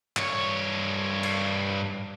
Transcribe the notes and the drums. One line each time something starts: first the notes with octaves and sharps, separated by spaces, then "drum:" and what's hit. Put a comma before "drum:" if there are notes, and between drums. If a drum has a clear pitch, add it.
G2 C#5, drum: clap
drum: cymbal